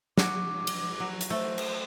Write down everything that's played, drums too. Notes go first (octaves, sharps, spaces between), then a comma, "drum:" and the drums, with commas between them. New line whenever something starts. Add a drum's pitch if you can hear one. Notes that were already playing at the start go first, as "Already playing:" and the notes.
F#4 D6, drum: snare
drum: cymbal
F#3
drum: hi-hat
A3 C5
drum: cymbal